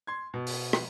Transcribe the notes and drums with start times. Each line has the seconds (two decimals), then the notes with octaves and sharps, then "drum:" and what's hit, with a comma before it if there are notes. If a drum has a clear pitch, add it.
0.07 C6 G#6
0.34 B2
0.47 drum: open hi-hat
0.73 drum: rim click